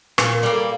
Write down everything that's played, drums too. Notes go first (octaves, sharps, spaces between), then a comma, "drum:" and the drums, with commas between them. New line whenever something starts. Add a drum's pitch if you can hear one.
A#2 B4, drum: rim click
A#4
G3 A#3
A4